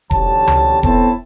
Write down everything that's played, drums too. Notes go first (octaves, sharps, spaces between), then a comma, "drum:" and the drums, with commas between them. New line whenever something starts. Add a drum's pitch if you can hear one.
A1 D2 G4 C#5 A5, drum: kick E1
drum: tom C#2
B3 C4 E4 A4 C#5 A5, drum: kick E1